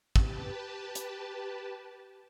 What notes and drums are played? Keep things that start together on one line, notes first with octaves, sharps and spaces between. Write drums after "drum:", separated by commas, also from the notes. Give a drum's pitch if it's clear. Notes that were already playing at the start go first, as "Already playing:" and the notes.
G4 B4 A5, drum: kick
drum: hi-hat